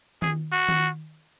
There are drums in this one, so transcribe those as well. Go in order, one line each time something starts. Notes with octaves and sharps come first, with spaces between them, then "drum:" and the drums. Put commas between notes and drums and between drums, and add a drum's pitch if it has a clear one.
G#4, drum: tom D#3
F#4
drum: tom D#3